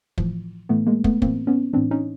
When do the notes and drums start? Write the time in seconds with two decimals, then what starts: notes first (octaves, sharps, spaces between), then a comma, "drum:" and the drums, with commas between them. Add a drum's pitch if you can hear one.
0.18 A2 E3 F3, drum: kick
0.69 A2 E3 A3 B3
0.87 G#3 A#3
1.04 A3 B3, drum: kick
1.22 A2 E3 A#3 C4, drum: kick
1.47 B3 C#4
1.73 A2 E3 C4 D4
1.91 C#4 D#4